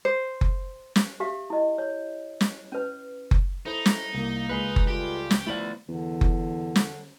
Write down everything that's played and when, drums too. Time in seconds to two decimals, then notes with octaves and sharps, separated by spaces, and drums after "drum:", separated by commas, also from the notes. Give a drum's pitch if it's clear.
0.05 C5
0.41 drum: kick F#1
0.96 drum: snare
1.20 G4 E5 F5
1.50 E4 D#5
1.78 C#5
2.41 drum: snare
2.72 C#4 B4
3.31 drum: kick F#1
3.66 D#4 E4 A4 C5
3.86 drum: snare
4.14 C2 A#3 G7
4.49 C#2 G#3 B4 C7
4.76 drum: kick F#1
4.87 G3 A3 F4 G4
5.31 drum: snare
5.47 F3 A3 B3 E4 D5 F#7
5.89 E2 D3
6.21 drum: kick F#1
6.76 drum: snare